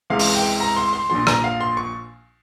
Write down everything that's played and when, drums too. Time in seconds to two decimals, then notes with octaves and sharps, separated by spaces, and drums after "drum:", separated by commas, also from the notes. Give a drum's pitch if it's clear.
0.10 C#2 C3 E3 G#3 F5
0.19 drum: open hi-hat
0.35 G5
0.60 A#5
0.76 C6
0.93 C6
1.10 A#1 A#2 F3 C6
1.27 A#5, drum: rim click
1.44 F5
1.61 C6
1.77 C#6